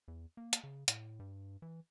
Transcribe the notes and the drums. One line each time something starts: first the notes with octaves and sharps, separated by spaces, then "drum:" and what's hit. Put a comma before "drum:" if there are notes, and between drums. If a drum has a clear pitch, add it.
E2
A#3
drum: hi-hat
C#3
A2, drum: hi-hat
G2
E3